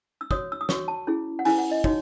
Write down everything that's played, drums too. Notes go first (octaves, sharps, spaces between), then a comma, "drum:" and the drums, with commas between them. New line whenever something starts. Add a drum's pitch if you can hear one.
E6
F#4 C#5 D#6, drum: kick
E6
D#6
F#4 C#5 C#6, drum: snare
A5
C#4 E4 G#4
F#5
C#4 E4 G#4 G#5, drum: open hi-hat
F#5
D#5
D#4 F#4 C#5, drum: kick